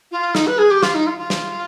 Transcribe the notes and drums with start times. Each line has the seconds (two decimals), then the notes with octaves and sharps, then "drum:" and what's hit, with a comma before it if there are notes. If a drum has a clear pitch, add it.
0.12 F4
0.35 D#4, drum: snare
0.47 B4
0.58 G#4
0.71 G4
0.83 F4, drum: snare
0.94 D#4
1.07 F4
1.18 F4
1.30 drum: snare